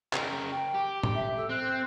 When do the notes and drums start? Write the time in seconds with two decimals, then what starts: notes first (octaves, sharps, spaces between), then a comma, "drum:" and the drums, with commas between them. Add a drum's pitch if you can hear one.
0.13 C#3 A#4, drum: clap
0.50 G5
0.74 G4
1.03 drum: tom
1.14 E5
1.36 A4
1.49 C4 F#6